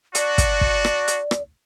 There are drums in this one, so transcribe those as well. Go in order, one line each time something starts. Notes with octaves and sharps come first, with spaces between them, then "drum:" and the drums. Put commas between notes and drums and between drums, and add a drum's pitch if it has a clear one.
D4 F#4 D5, drum: hi-hat
drum: kick, hi-hat
drum: kick
drum: rim click
drum: hi-hat
drum: rim click